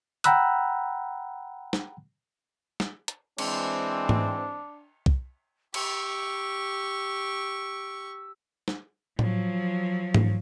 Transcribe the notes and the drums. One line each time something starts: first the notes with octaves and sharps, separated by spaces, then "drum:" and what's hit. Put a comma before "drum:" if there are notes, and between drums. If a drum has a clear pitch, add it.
F#5 G5 A#5 B5 E6 F#6, drum: hi-hat
drum: snare
drum: snare
drum: hi-hat
E3 G#3 C4 D4, drum: cymbal
drum: tom G#2
drum: kick B1
G4 C#6 E6, drum: cymbal
drum: snare
F3 F#3, drum: tom A2
drum: tom G#2